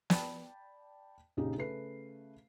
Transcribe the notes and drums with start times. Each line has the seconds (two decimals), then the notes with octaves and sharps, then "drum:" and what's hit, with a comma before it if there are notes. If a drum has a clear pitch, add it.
0.10 D5 G5 A5 B5, drum: snare
1.37 A#1 C#3 D#4 G4
1.57 C#3 A3 B4 C7